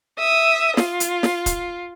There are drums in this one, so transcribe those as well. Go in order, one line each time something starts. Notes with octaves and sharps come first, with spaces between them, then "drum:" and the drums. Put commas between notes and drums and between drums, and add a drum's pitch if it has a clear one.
E5 D#6
F4, drum: snare
drum: hi-hat
drum: snare
drum: kick, hi-hat